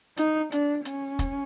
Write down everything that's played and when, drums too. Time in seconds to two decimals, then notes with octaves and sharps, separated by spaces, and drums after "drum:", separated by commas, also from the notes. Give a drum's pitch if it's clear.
0.17 D#4, drum: hi-hat
0.52 D4, drum: hi-hat
0.85 C#4, drum: hi-hat
1.19 drum: kick, hi-hat